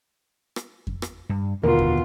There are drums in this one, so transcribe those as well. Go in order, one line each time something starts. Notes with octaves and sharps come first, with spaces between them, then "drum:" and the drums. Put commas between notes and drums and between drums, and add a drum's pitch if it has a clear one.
drum: rim click
drum: kick F2
drum: rim click
G2
D#2 B2 D3 E3 F4 A#4
drum: kick F2